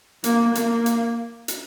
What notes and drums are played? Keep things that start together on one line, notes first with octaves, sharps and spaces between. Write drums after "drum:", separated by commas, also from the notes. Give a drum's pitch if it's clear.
A#3, drum: hi-hat
A#3, drum: hi-hat
drum: hi-hat
drum: hi-hat